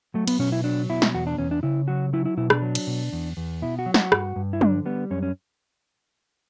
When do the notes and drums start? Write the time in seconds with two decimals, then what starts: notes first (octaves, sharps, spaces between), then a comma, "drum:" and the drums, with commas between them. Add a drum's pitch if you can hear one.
0.14 F#3 A3
0.27 B3, drum: cymbal
0.39 B2 C#4
0.52 E4
0.64 F#3 D4
0.89 B2 E4
1.02 drum: snare
1.14 E2 F#4
1.27 D4
1.38 E2 C#4
1.51 D4
1.63 C#3 E4
1.88 F#3 F#4
2.13 F#3 E4
2.25 E4
2.37 B2 E4
2.50 D4, drum: rim click
2.62 F#3
2.75 drum: cymbal
2.87 B2
3.13 E2
3.37 E2
3.62 B2 E4
3.79 F#4
3.86 F#3
3.94 F#4, drum: snare
4.12 G2, drum: rim click
4.36 G2
4.53 E4
4.61 D3 D4, drum: tom
4.86 G3 B3
5.10 F#2 C#4
5.23 C#4